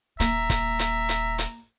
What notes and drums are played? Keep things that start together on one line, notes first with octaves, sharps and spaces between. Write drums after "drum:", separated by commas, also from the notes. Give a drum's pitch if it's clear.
D#1 A#3 E5 A#5, drum: hi-hat
drum: kick, hi-hat
drum: hi-hat
drum: hi-hat
drum: hi-hat